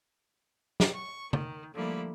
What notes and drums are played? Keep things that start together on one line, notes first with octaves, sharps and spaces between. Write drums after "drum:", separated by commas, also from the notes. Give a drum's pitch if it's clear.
drum: snare
C#6
D#3, drum: tom C#3
D3 F3 G3 A3 A#3 E4